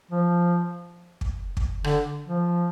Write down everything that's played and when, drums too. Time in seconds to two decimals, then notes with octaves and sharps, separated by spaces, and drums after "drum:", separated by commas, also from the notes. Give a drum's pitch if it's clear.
0.11 F3
1.21 drum: kick
1.57 drum: kick
1.84 D3, drum: rim click
2.28 F3